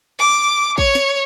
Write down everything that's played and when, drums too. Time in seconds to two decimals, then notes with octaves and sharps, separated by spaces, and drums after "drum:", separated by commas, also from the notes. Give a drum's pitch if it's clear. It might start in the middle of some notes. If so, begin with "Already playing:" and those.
0.19 D6
0.78 C#5, drum: kick
0.95 drum: snare